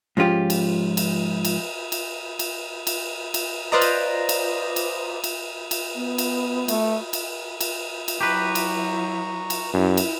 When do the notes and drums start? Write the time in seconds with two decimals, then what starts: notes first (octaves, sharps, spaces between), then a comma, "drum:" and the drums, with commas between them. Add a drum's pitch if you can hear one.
0.17 G#2 F3 C#4 F4 G4
0.50 drum: cymbal
0.97 drum: cymbal
1.45 drum: cymbal
1.92 drum: cymbal
2.39 drum: cymbal
2.87 drum: cymbal
3.34 drum: cymbal
3.72 F4 B4 C5 D5 D#5 A#5
3.81 drum: cymbal
4.29 drum: cymbal
4.76 drum: cymbal
5.24 drum: cymbal
5.71 drum: cymbal
5.95 B3
6.18 drum: cymbal
6.68 A3, drum: cymbal
7.13 drum: cymbal
7.61 drum: cymbal
8.08 drum: cymbal
8.21 F#3 E4 G4 B4 A#5 C#6
8.55 drum: cymbal
9.50 drum: cymbal
9.74 F#2 E4
9.97 drum: cymbal